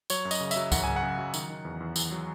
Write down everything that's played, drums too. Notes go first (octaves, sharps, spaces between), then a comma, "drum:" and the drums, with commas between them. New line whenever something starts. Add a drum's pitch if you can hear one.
F#3 C#5, drum: tambourine
F#2
D#5, drum: tambourine
C#3
E5, drum: tambourine
F#3
F#2 F#5, drum: kick C#2, tambourine
C#3 G#5
F#5
C#3
F#3
D#3, drum: tambourine
D#3
E2
E2
E2, drum: tambourine
F#3